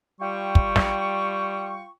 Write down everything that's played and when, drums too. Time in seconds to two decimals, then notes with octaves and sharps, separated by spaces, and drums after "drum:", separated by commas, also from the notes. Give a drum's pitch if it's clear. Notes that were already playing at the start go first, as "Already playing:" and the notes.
0.21 G3 F4 G5 C#6
0.55 drum: kick
0.76 drum: snare